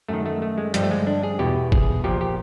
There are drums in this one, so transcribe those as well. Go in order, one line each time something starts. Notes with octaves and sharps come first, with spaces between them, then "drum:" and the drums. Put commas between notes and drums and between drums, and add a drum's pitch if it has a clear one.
F#2 D#3 A3
A3
A3
G#3
G2 D3 F3 G3, drum: hi-hat
A3
G#3
D4
G#4
E2 B2 G4
G#4, drum: kick G1
A#2 F3 G4
G4